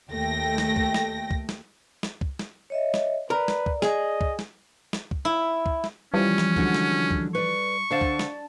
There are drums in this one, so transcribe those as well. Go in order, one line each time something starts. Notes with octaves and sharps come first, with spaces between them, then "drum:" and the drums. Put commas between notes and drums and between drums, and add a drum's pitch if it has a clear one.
D#2 A3 G5 A#6
drum: snare
drum: kick
drum: snare
drum: kick
drum: snare
drum: snare
drum: kick
drum: snare
C#5 D#5 E5
drum: snare
A#4 B4 D5
drum: snare
drum: kick
G#4 D#5, drum: snare
drum: kick
drum: snare
drum: snare
drum: kick
E4
drum: kick
drum: snare
E3 F3 G3 C#4
drum: snare
D3 G#3 F#4, drum: kick
drum: snare
drum: kick
B4 D5 C#6
D3 D4 C5 F5 A5
drum: kick
drum: snare